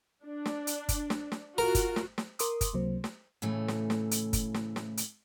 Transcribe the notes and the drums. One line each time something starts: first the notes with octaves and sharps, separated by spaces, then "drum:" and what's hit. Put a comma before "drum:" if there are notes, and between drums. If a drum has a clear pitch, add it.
D4
drum: snare
drum: hi-hat
drum: kick F#1, hi-hat
drum: snare
drum: snare
F4 F#4 A#4
drum: kick F#1, hi-hat
drum: snare
drum: snare
A#4 C6 D6 D#6, drum: hi-hat
drum: kick F#1, hi-hat
C#2 C3 F#3 A#3 C5
drum: snare
A2 C#3 E3 A3
drum: snare
drum: snare
drum: hi-hat
drum: kick F#1, hi-hat
drum: snare
drum: snare
drum: hi-hat